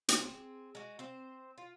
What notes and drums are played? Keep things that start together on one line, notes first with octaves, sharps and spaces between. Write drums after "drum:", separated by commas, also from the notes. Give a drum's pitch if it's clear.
drum: hi-hat
C4 G#4
G#3 F#4
C4 C5
F4